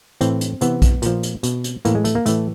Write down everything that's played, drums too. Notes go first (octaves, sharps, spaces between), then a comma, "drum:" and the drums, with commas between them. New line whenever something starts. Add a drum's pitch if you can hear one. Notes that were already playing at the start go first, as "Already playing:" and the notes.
A2 E3 C4, drum: hi-hat
drum: hi-hat
C3 E3 B3, drum: hi-hat
drum: kick A#1, hi-hat
A#2 F3, drum: hi-hat
drum: hi-hat
B2, drum: hi-hat
drum: hi-hat
A2 E3 A#3, drum: hi-hat
G#3
A3, drum: hi-hat
A#3
A2 E3 A3, drum: hi-hat